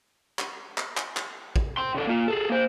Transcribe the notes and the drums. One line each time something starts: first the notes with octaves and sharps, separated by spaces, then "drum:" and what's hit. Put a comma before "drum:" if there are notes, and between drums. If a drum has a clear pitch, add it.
drum: clap
drum: clap
drum: clap
drum: clap
drum: kick
G5 C6
C#3 A4
A#3 F4
G#4 A4
A#3 C5